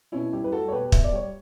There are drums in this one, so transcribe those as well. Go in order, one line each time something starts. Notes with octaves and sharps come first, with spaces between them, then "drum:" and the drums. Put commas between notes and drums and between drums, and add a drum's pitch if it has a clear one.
B2 C#4 E4
G3 E4 G4
B4
G3 F#4 A4
C#5
B2 G4 B4
B2 E5, drum: kick
D5
G3 C#5